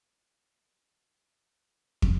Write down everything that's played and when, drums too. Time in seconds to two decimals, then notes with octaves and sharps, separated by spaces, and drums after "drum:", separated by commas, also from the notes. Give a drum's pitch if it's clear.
0.15 F4 C5
0.55 E3 F#3
0.89 D#4 B4 D5
1.27 A2
2.02 drum: kick